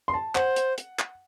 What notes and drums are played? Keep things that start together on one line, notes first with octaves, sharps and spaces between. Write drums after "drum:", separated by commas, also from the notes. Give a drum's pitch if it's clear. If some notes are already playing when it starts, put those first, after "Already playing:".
C6
A5
C5 F#5, drum: clap
drum: hi-hat
drum: hi-hat
drum: clap